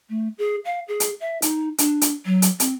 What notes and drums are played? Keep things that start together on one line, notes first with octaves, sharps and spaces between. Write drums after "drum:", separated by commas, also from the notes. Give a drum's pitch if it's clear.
A3
G#4
F5
G#4
drum: hi-hat
E5
D#4, drum: hi-hat
D4, drum: hi-hat
drum: hi-hat
F#3
drum: hi-hat
C4, drum: hi-hat